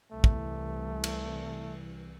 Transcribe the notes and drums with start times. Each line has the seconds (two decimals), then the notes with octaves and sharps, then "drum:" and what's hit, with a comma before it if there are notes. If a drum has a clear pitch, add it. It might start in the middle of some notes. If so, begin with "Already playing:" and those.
0.12 C2 E3 A3
0.24 drum: kick
1.04 drum: cymbal